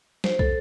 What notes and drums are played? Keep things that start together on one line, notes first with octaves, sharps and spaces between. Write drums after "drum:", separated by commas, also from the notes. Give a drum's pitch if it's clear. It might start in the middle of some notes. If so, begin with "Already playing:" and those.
C5, drum: snare
A4, drum: kick